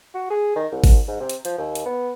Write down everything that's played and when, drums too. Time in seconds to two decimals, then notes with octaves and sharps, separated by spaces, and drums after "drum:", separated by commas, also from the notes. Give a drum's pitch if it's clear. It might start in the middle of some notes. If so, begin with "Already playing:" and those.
0.14 F#4
0.30 G#4
0.55 D#3
0.72 C2
0.84 drum: kick G#1, open hi-hat
1.08 G#2
1.20 C3
1.29 drum: hi-hat
1.45 F3, drum: hi-hat
1.58 D#2
1.75 drum: hi-hat
1.85 B3